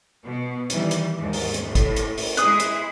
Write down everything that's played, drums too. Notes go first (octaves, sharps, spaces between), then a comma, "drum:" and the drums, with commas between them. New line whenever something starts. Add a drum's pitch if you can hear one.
B2
D#3 E3 G3, drum: hi-hat
drum: hi-hat
D#2 G#2
drum: open hi-hat
drum: hi-hat
A2
drum: kick, hi-hat
drum: hi-hat
drum: open hi-hat
G#3 E4 G#4 D#6 F#6, drum: hi-hat
drum: hi-hat